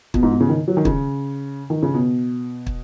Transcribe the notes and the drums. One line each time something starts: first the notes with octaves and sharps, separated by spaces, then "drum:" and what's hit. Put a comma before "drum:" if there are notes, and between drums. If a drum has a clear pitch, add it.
B2, drum: kick
G#2
B2
C#3
D#3
F#3
D#3
C#3, drum: kick
D#3
C#3
B2
drum: kick